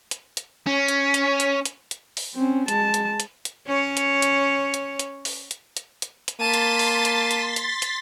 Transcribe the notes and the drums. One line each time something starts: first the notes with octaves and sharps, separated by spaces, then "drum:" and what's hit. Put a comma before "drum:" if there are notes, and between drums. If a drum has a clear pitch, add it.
drum: hi-hat
drum: hi-hat
C#4
drum: hi-hat
drum: hi-hat
drum: hi-hat
drum: hi-hat
drum: hi-hat
drum: open hi-hat
C4 C#4
G#3 A5, drum: hi-hat
drum: hi-hat
drum: hi-hat
drum: hi-hat
C#4 C#5
drum: hi-hat
drum: hi-hat
drum: hi-hat
drum: hi-hat
drum: open hi-hat
drum: hi-hat
drum: hi-hat
drum: hi-hat
drum: hi-hat
A#3 A5 C6 A6 B6 D#7
drum: hi-hat
drum: open hi-hat
drum: hi-hat
drum: hi-hat
drum: hi-hat
drum: hi-hat